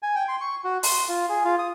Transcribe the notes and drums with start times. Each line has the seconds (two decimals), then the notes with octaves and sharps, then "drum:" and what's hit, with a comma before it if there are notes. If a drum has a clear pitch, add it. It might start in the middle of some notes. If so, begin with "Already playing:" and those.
0.02 G#5
0.15 G5
0.28 C6
0.41 C#6
0.64 F#4
0.83 C6, drum: open hi-hat
1.09 F4
1.29 G#4
1.44 F4
1.59 D#6